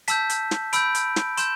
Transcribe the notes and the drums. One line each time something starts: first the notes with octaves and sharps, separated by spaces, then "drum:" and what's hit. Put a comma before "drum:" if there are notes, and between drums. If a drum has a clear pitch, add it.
A5 E6 G6 B6, drum: hi-hat
drum: hi-hat
drum: snare
B5 E6 G6 D7, drum: hi-hat
drum: hi-hat
drum: snare
C6 G6 E7, drum: hi-hat